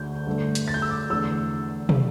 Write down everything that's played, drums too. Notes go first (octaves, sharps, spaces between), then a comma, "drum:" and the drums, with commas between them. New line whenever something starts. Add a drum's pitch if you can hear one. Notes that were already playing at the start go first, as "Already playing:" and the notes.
Already playing: D2 D3 A3 G6
G2 D3 A3
drum: hi-hat
A6
G6
E6
D6
E2 D3 A3 E6
drum: tom